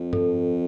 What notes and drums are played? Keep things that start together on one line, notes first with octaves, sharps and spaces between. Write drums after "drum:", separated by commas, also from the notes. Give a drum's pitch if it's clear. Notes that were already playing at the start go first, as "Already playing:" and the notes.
Already playing: F2
A4, drum: tom